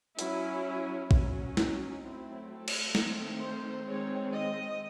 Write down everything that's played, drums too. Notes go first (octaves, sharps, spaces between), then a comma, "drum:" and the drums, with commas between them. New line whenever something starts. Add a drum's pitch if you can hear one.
F#3 C#4 E4, drum: hi-hat
F#3 C#4, drum: kick
D#4, drum: snare
F#3 A3 C4 E4
A4
drum: cymbal
D#3 A3 C4, drum: snare
C5
D#3 G#3 C4 C#5
D#5